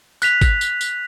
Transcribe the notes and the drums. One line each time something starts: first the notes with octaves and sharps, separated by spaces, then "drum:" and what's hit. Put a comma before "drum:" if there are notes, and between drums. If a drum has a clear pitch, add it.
F#6 B6 F7, drum: tambourine
drum: kick G#1, tambourine
drum: tambourine
drum: tambourine